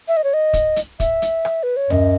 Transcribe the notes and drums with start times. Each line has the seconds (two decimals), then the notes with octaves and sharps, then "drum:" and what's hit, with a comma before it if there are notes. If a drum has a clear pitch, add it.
0.08 E5
0.17 D#5
0.24 C#5
0.34 D#5
0.53 drum: kick, hi-hat
0.76 drum: hi-hat
1.00 E5, drum: kick, hi-hat
1.22 drum: hi-hat
1.45 drum: rim click
1.63 B4
1.77 C#5
1.90 F#2 D#5, drum: tom D2